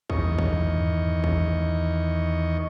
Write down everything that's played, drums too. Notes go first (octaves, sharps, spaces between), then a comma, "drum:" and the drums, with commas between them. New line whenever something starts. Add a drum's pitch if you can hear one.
E2 D#3 D#5 C#6, drum: kick
drum: kick
drum: tom G2
drum: kick